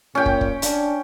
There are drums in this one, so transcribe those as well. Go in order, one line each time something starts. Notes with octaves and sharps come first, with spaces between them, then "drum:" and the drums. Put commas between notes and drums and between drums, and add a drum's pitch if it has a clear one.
A#2 C#4 G5
drum: kick
drum: kick
D4, drum: hi-hat